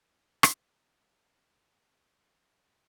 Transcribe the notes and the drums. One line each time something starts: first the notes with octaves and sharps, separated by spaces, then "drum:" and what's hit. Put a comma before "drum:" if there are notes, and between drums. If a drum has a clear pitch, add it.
drum: rim click
E2 D#3 G#3 D4 E6 G6
A#1 A#4 C#5 D#5 D6
D#5 E5 G#5 C#6 E6 F6
D#6
G4